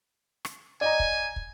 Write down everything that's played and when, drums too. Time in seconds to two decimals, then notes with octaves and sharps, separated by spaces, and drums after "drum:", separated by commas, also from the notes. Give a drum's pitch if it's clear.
0.45 drum: rim click
0.81 D5 D#5 G#5 A#5
1.00 drum: kick
1.36 drum: kick